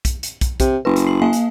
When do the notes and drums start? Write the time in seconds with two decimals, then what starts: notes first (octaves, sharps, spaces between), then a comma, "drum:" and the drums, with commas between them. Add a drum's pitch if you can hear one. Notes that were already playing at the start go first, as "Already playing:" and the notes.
0.05 drum: kick, hi-hat
0.23 drum: hi-hat
0.41 drum: kick, hi-hat
0.60 C3, drum: kick, hi-hat
0.85 F#1 B4
0.96 drum: hi-hat
1.06 C7 F#7
1.22 A#3 F5 G#5
1.33 drum: hi-hat